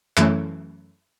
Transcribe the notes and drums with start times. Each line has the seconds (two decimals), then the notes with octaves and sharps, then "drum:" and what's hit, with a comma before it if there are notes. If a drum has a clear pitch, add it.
0.17 F#2 E3 A3 C#4, drum: clap